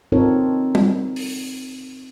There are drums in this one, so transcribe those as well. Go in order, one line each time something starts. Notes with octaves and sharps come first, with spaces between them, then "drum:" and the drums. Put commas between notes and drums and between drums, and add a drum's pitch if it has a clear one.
C4 D#4 F4 A4 A#4 C#5
drum: tom G3
drum: open hi-hat